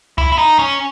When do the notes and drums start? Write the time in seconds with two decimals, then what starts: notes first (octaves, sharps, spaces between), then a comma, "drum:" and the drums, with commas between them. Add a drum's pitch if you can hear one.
0.18 E4, drum: kick C#2
0.32 E4
0.38 D#4
0.59 C#4